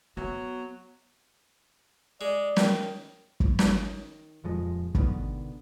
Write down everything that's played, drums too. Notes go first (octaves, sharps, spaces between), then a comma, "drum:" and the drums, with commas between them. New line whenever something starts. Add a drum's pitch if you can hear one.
F#3 B3
G#3 D5
D#3, drum: snare
drum: kick
D#3, drum: snare
D#1 F2 F3 G#3
B2 D3 D#3 B3, drum: kick